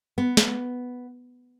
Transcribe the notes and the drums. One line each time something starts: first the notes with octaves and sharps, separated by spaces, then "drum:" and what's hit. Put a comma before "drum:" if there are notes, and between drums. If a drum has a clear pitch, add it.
B3
drum: snare